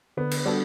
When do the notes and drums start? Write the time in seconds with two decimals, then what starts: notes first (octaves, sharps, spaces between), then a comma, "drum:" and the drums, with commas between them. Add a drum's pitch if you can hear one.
0.17 D3 B3
0.31 drum: cymbal
0.45 G3 B3 D4 F#4 A4